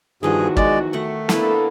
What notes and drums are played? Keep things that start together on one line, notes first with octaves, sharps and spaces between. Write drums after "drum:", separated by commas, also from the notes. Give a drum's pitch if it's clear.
E2 G2 D#3 F3 D#4 F#4 G#4
G#3 D5, drum: kick
D#3 A3 F#5 C#6
D3 A#3 B3 E4 A4 B4, drum: snare